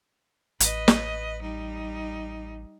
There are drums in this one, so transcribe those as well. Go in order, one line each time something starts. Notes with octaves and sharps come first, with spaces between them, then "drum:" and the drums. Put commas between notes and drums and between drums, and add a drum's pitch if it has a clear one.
A1 B4 D#5, drum: hi-hat
drum: snare
G3 D#4